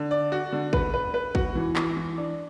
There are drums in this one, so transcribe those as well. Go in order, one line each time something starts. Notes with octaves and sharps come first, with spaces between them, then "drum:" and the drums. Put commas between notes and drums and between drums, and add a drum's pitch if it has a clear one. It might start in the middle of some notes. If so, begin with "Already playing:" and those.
Already playing: D3
D5
F#4
D3
B4, drum: kick
B4
B4
F#4, drum: kick
E3
E3, drum: clap
E3
D4